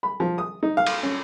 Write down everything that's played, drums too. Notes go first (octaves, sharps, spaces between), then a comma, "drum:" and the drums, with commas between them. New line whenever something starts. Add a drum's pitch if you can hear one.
B5
F3
D#6
D#4
F5
drum: cymbal
C#4